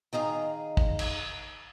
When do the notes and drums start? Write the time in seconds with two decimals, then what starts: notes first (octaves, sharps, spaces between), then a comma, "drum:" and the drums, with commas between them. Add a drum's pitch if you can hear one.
0.13 D#3 D#4 G#4 F5
0.77 drum: kick
0.99 drum: cymbal